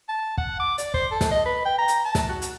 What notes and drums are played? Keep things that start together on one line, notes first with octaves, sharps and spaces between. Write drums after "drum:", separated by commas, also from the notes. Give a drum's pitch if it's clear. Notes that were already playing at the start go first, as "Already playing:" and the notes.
A5
F#5, drum: kick
D6
D5, drum: hi-hat
C5, drum: kick
A4
drum: snare
D#5
B4
G5
A#5
drum: hi-hat
A5
drum: snare
F#4
drum: hi-hat